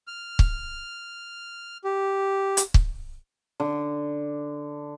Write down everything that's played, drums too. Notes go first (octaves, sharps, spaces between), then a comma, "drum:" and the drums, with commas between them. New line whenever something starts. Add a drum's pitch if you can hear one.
F6
drum: kick
G4
drum: hi-hat
drum: kick
D3